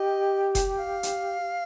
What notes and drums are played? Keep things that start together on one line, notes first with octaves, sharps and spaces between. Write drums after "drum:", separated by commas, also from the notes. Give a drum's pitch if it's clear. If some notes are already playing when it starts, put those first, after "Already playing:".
Already playing: G4 D#5
drum: kick F1, hi-hat
F5
drum: hi-hat